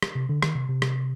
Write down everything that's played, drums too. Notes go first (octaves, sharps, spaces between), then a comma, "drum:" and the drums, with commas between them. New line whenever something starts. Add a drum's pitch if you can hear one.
drum: rim click
C3
D3
D#3, drum: rim click
C3
C3
drum: rim click